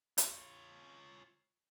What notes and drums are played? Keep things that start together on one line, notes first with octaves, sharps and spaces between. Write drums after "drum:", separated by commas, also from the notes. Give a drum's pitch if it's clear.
F4 C#5, drum: hi-hat